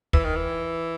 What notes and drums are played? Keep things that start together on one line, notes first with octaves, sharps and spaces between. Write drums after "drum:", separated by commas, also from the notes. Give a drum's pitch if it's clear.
E3, drum: kick
D#3
E3